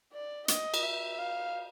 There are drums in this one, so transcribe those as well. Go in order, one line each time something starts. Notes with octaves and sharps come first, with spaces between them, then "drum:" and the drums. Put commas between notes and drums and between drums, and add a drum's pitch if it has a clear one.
D5
D#5, drum: hi-hat
drum: cymbal
E5
F5